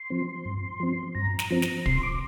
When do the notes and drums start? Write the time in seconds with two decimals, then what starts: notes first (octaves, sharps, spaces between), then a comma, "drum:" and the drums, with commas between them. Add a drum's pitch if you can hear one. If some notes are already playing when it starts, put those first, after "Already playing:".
Already playing: C6
0.10 F3 C4
0.45 G2
0.80 F3 C4
1.15 G2 A#5
1.39 drum: snare
1.50 F3 C4 A#5
1.62 drum: snare
1.86 C3 C6, drum: kick
2.03 D6